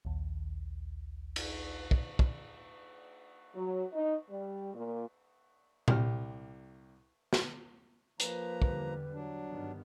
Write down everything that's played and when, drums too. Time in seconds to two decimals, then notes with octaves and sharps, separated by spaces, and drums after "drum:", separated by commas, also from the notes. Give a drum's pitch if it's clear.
0.05 A#1 D#2
1.36 drum: cymbal
1.91 drum: kick
2.19 drum: kick
3.56 F#3
3.93 D#4
4.30 G3
4.75 A#2
5.88 C2 G4 F6, drum: tom A#2
7.33 drum: snare
8.20 F3 A#3 B4 A#5, drum: hi-hat
8.62 E2 D3 G3, drum: kick
9.13 F#3 D4
9.49 G2 D#3 B3